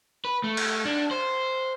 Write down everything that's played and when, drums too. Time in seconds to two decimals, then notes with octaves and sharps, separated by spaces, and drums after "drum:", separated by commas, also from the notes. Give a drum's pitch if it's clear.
0.25 B4
0.44 A3
0.57 drum: cymbal
0.85 D4
1.11 C5